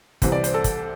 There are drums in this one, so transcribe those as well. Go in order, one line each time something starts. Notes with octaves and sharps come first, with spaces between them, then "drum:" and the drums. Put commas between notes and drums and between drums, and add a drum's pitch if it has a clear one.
C2 C3 E3 C5, drum: kick, hi-hat
D5
C5, drum: hi-hat
A4
drum: kick, hi-hat